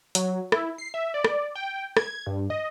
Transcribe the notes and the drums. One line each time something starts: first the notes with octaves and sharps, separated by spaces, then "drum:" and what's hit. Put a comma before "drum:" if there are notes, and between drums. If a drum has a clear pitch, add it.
F#3, drum: hi-hat
E4, drum: rim click
C7
E5
D5
drum: rim click
G5
G#6, drum: rim click
G2
D#5